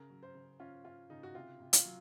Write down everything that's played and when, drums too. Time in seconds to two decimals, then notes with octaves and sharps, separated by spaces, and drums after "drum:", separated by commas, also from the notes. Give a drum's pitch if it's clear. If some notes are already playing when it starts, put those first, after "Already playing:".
Already playing: C#3 A#4
0.10 F#3
0.23 C5
0.35 C#3
0.60 C#4 F4
0.85 C#4 F4
1.10 C#3 D#4
1.23 F#4
1.35 C3 F4
1.60 C3
1.73 F4, drum: hi-hat
1.85 F#3